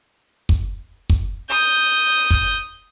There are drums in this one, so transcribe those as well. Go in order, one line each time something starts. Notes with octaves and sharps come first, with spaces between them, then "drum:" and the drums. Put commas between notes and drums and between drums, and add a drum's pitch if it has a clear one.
drum: kick
drum: kick
D#6 G6
drum: kick